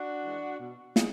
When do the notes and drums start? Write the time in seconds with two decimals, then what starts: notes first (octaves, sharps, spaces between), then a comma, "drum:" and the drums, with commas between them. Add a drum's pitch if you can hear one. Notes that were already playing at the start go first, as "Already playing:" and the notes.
Already playing: D4 F#4
0.23 E3 G#3
0.59 B2
0.96 G#3, drum: snare